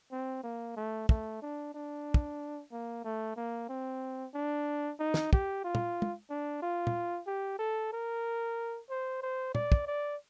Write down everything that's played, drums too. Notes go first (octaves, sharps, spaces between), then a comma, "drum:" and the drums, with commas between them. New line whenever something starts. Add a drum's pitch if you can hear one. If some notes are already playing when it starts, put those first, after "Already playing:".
C4
A#3
A3
A3, drum: kick
D4
D4
drum: kick
A#3
A3
A#3
C4
D4
D#4
drum: snare
G4, drum: kick
F4
drum: tom
drum: tom
D4
F4
drum: tom
G4
A4
A#4
C5
C5
D5, drum: tom
drum: kick
D5